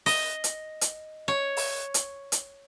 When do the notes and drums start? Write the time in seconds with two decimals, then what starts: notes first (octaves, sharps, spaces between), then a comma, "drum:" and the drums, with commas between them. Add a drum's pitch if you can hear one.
0.06 D#5, drum: open hi-hat
0.44 drum: hi-hat
0.81 drum: hi-hat
1.28 C#5
1.57 drum: open hi-hat
1.94 drum: hi-hat
2.32 drum: hi-hat